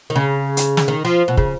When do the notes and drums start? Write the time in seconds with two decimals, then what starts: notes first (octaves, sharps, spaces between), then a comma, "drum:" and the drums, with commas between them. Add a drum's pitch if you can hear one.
0.10 D#3
0.15 C#3
0.57 drum: hi-hat
0.77 drum: snare
0.88 D#3
1.05 F3
1.28 B2
1.37 C#3, drum: kick